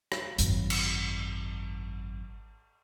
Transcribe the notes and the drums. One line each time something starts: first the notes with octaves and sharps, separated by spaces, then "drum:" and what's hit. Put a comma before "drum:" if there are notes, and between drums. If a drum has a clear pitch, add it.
drum: rim click
G#1 F#2, drum: hi-hat
drum: cymbal